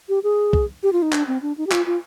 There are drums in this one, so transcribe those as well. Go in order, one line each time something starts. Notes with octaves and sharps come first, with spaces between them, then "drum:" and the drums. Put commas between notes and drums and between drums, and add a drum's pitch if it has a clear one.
G4
G#4
drum: kick
G4
F4
D#4
D4, drum: clap
C4
D4
D#4
G4
F4, drum: clap
F4